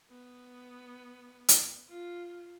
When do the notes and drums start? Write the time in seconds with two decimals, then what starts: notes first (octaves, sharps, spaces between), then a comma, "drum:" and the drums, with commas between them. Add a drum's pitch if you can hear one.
0.10 B3
1.49 drum: hi-hat
1.89 F4